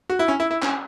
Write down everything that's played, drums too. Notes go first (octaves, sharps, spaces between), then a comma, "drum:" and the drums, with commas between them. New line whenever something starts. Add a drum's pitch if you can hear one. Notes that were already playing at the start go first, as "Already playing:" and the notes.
F#4
E4
C#4
E4
E4
C#4, drum: clap